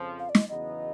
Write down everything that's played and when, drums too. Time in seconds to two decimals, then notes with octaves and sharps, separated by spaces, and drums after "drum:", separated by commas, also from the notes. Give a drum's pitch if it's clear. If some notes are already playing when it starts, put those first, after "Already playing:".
Already playing: F2 C#3 F3
0.19 F5
0.29 D5
0.35 D#5, drum: snare
0.49 E2 C#3 F#3 B3 D#4 D#5